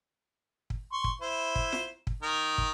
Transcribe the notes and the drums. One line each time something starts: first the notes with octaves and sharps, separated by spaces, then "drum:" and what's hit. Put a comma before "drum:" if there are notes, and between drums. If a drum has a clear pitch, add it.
drum: kick
C6 C#6
drum: kick
E4 C5
drum: kick
drum: snare F4
drum: kick
D#3 A#4
drum: kick